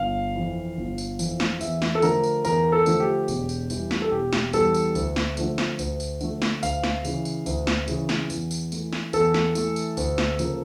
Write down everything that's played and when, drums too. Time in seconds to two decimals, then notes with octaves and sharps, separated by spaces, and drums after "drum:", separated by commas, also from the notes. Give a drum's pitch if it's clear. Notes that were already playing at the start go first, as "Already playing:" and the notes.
Already playing: G1 F5
0.35 F2 E3
0.77 G1
0.98 drum: tambourine
1.19 F2 E3, drum: tambourine
1.40 drum: snare
1.61 E2 E5, drum: tambourine
1.82 drum: snare
1.95 A4
2.02 D3 F3 A3 A#4, drum: tambourine
2.24 drum: tambourine
2.45 E2 A#4, drum: tambourine
2.72 A4
2.86 D3 F3 A3, drum: tambourine
3.00 G4
3.28 E1, drum: tambourine
3.49 drum: tambourine
3.70 E2 E3 G3, drum: tambourine
3.91 drum: snare
4.02 A4
4.11 E1 G4
4.33 drum: snare
4.53 E2 E3 G3 A4, drum: tambourine
4.74 drum: tambourine
4.95 D2, drum: tambourine
5.16 drum: snare
5.37 D3 F3 A3, drum: tambourine
5.58 drum: snare
5.79 D2, drum: tambourine
6.00 drum: tambourine
6.21 D3 F3 A3, drum: tambourine
6.42 drum: snare
6.63 D2 F5, drum: tambourine
6.83 drum: snare
7.05 C#3 E3, drum: tambourine
7.25 drum: tambourine
7.46 D2, drum: tambourine
7.67 drum: snare
7.88 C#3 E3, drum: tambourine
8.09 drum: snare
8.30 E2, drum: tambourine
8.51 drum: tambourine
8.72 E3 A3, drum: tambourine
8.93 drum: snare
9.13 E2 A4, drum: tambourine
9.34 drum: snare
9.55 E3 A3, drum: tambourine
9.76 drum: tambourine
9.97 D2, drum: tambourine
10.18 drum: snare
10.39 C#3 F3 A#3, drum: tambourine